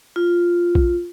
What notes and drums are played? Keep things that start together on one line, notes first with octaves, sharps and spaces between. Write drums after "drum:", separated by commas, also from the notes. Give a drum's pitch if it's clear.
F4
drum: kick A#1